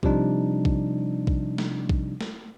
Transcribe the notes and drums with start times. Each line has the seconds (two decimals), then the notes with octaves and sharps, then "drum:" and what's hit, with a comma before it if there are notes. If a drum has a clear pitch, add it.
0.03 C3 F3 G3 D4 D#4, drum: kick A#1
0.65 drum: kick A#1
1.27 drum: kick A#1
1.58 drum: snare
1.89 drum: kick A#1
2.21 drum: snare